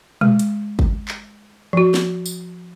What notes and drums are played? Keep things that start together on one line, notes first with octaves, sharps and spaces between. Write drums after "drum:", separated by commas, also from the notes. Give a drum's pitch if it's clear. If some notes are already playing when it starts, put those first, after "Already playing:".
G#3, drum: tom A#2
drum: hi-hat
drum: kick
drum: clap
F3 F#4
drum: snare
drum: tambourine